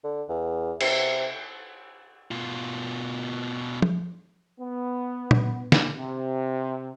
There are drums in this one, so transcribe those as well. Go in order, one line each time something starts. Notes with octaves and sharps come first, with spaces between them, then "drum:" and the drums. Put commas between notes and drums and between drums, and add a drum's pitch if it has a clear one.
D3
E2
C3, drum: cymbal
B2 F4
drum: tom F3
B3
drum: tom A#2
drum: snare
C3